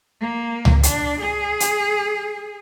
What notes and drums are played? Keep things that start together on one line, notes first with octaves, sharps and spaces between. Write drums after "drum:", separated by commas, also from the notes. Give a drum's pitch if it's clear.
A#3
drum: tom C#2
D4, drum: hi-hat
G#4
drum: hi-hat